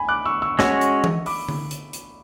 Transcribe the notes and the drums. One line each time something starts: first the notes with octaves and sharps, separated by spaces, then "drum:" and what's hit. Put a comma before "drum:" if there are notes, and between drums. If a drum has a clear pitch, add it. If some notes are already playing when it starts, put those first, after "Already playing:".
Already playing: G#5 B5
D6 F#6
C#6 E6
C#6 E6
G#3 C#4 F#4 C#5 C#6 E6, drum: snare
drum: hi-hat
drum: tom E3
B5 D6, drum: open hi-hat
drum: tom D3
drum: hi-hat
drum: hi-hat